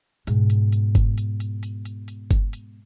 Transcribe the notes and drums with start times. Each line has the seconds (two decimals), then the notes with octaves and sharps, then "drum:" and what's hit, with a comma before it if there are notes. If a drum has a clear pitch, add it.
0.27 G#2 B2, drum: hi-hat
0.50 drum: hi-hat
0.72 drum: hi-hat
0.95 drum: kick G1, hi-hat
1.18 drum: hi-hat
1.40 drum: hi-hat
1.63 drum: hi-hat
1.85 drum: hi-hat
2.08 drum: hi-hat
2.31 drum: kick G1, hi-hat
2.53 drum: hi-hat